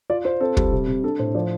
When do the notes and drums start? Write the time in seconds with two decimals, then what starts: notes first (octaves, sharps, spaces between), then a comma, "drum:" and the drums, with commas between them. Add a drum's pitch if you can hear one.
0.10 F4 D5
0.25 F4 C5
0.40 C4 A4
0.57 G3, drum: kick
0.72 C3
0.87 C3
1.03 D4 A4
1.19 A2 C5
1.35 F3 D5